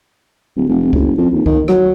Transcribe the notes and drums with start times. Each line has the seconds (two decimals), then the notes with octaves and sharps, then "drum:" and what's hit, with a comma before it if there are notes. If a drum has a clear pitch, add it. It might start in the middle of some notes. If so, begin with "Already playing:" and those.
0.56 D1
0.69 F1
0.93 F#1, drum: kick C#2
1.18 F2
1.34 D#2
1.46 D#3, drum: kick C#2
1.68 F#3, drum: rim click